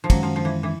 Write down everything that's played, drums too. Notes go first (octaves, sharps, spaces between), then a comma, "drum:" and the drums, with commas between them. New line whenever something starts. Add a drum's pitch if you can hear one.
F3
F#2 D#3 F#3 G#3 C#4, drum: kick, cymbal
F3
F3
E3
E3